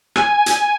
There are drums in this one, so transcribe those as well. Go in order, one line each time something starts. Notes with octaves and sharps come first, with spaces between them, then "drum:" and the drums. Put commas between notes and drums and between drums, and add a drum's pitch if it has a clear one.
G#5, drum: rim click
drum: hi-hat